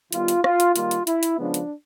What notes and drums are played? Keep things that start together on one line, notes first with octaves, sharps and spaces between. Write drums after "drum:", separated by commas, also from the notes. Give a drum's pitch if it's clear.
D#3 G3 B3 F4, drum: hi-hat
drum: hi-hat
F4, drum: rim click
drum: hi-hat
D#3 G3 A#3 F4, drum: hi-hat
drum: hi-hat
E4, drum: hi-hat
drum: hi-hat
C#3 F3 G#3 B3 D4
drum: hi-hat